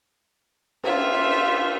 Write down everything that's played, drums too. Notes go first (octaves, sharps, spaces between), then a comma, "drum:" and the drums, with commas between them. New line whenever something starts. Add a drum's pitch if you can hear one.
F4 E5, drum: cymbal